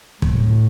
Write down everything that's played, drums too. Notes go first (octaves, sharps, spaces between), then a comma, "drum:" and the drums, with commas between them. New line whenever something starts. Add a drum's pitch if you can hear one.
A2, drum: kick